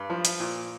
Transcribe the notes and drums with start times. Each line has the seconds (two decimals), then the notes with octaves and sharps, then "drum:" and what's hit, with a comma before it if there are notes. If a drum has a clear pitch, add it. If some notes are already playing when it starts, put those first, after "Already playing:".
Already playing: G2
0.10 F3
0.25 drum: hi-hat
0.40 A#2